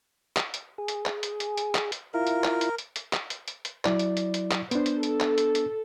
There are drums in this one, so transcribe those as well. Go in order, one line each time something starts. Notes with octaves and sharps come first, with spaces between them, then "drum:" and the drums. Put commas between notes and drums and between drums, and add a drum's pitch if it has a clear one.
drum: clap
drum: hi-hat
G#4
drum: hi-hat
drum: clap
drum: hi-hat
drum: hi-hat
drum: hi-hat
drum: clap
drum: hi-hat
E4 F4 A#4
drum: hi-hat
drum: clap
drum: hi-hat
drum: hi-hat
drum: hi-hat
drum: clap
drum: hi-hat
drum: hi-hat
drum: hi-hat
F#3 E4 D5, drum: clap
drum: hi-hat
drum: hi-hat
drum: hi-hat
drum: clap
B3 D4 C5, drum: hi-hat
drum: hi-hat
A4, drum: hi-hat
drum: clap
drum: hi-hat
drum: hi-hat